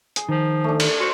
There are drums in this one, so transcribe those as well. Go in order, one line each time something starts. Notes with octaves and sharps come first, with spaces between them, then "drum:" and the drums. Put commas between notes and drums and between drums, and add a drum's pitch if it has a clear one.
G#4, drum: hi-hat
D#3 F3
A3 D4
drum: cymbal
F#4 C5 C6